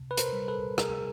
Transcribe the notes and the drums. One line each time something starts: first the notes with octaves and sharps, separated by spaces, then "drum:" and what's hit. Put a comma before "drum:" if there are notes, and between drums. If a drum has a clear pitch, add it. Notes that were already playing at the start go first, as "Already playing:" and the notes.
Already playing: C3
B4
A#4 C5, drum: hi-hat
G3
A4 B4
C3 G#4 A#4, drum: rim click